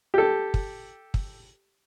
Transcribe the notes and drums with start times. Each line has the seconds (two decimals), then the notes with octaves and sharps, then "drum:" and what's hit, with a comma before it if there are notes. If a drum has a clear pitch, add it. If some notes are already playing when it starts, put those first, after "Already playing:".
0.14 G4 A4
0.54 drum: kick
1.14 drum: kick